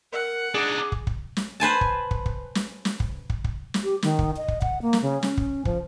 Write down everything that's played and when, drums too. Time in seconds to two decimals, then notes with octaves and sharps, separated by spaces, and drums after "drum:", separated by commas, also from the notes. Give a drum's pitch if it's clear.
0.12 A#4 F#5
0.54 D4 D#4 G#4 D6
0.92 drum: kick
1.07 drum: kick
1.37 drum: snare
1.60 B4 C5 G#5 A5
1.81 drum: kick
2.11 drum: kick
2.26 drum: kick
2.55 drum: snare
2.85 drum: snare
3.00 drum: kick
3.30 drum: kick
3.44 drum: kick
3.74 drum: snare
3.84 G4
4.02 D#3, drum: snare
4.19 drum: kick
4.37 D#5
4.48 drum: kick
4.62 F#5, drum: kick
4.82 A#3
4.93 drum: snare
5.02 C#3
5.23 C#4, drum: snare
5.37 drum: kick
5.65 F3, drum: kick